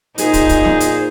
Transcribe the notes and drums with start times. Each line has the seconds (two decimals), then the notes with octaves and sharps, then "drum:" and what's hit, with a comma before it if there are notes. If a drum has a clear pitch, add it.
0.18 A#2 D#4 G#4 C5, drum: hi-hat
0.33 drum: kick, hi-hat
0.49 drum: kick, hi-hat
0.65 drum: snare
0.80 drum: hi-hat